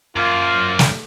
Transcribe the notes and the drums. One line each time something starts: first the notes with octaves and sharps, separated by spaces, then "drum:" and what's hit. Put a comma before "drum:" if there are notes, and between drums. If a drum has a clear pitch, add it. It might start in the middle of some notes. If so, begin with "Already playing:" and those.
F#2 F3 A#3 F4
drum: snare